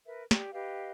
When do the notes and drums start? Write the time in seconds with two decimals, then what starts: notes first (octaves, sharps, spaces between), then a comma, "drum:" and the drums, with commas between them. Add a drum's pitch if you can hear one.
0.06 A#4 B4 E5
0.31 G4 D5, drum: snare
0.53 G4 B4 D#5 F5